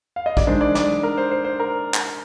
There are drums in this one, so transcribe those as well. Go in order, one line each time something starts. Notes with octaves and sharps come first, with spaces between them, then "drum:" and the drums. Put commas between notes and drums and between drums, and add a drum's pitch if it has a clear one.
F5
D#5
D5, drum: kick
D#3 G#3 D4 C5
D5
D5, drum: snare
A#4
C5
C5
C5
A#4
drum: clap